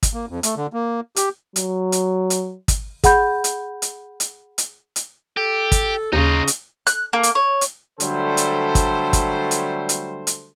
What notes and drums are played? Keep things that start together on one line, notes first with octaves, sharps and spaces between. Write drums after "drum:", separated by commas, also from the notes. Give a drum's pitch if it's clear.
drum: kick, hi-hat
A#3
F2
A3, drum: hi-hat
D3
A#3
G4, drum: hi-hat
F#3, drum: hi-hat
drum: hi-hat
drum: hi-hat
drum: kick, hi-hat
G#4 F#5 B5 G6, drum: kick, hi-hat
drum: hi-hat
drum: hi-hat
drum: hi-hat
drum: hi-hat
drum: hi-hat
G4 A4
drum: kick, hi-hat
D#2 C#3 D#4 F4 A#5
drum: hi-hat
F#6, drum: hi-hat
A#3
drum: hi-hat
C#5
drum: hi-hat
D3 F#3 G3 A3 A4 C5, drum: hi-hat
drum: hi-hat
drum: kick, hi-hat
drum: kick, hi-hat
drum: hi-hat
drum: hi-hat
drum: hi-hat